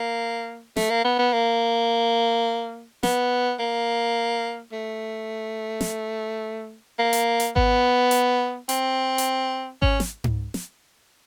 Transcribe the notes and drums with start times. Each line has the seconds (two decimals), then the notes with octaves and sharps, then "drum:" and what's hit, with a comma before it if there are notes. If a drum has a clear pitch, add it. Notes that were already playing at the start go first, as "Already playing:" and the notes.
Already playing: A#3
0.77 A3, drum: snare
0.90 A#3
1.05 B3
1.19 B3
1.33 A#3
3.03 B3, drum: snare
3.60 A#3
4.72 A3
5.81 drum: snare
6.99 A#3
7.13 drum: hi-hat
7.40 drum: hi-hat
7.56 B3, drum: kick G#1
8.11 drum: hi-hat
8.69 C4, drum: hi-hat
9.18 drum: hi-hat
9.82 C#4, drum: kick G#1
10.00 drum: snare
10.24 drum: tom G#2
10.54 drum: snare